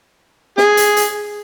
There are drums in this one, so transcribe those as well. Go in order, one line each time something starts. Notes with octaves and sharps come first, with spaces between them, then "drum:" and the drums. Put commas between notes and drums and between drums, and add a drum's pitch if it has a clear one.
G#4, drum: snare
drum: hi-hat
drum: hi-hat